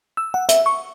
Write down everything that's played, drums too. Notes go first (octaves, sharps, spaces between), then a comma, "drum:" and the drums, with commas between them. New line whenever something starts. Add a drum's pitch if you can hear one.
E6
F#5
E5, drum: hi-hat
C#6